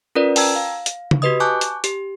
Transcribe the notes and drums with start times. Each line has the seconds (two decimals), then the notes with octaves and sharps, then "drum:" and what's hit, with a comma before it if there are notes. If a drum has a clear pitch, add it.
0.15 C#4 F4 A#4 B4 D5
0.36 G5 A5 A#5 E6 G#6, drum: open hi-hat
0.56 F5
0.86 drum: hi-hat
1.11 drum: tom C#3
1.22 F#4 G4 B4 D#5 D#6
1.40 G#5 A5 C#6 D6 F#6 G6
1.61 drum: hi-hat
1.84 G4, drum: hi-hat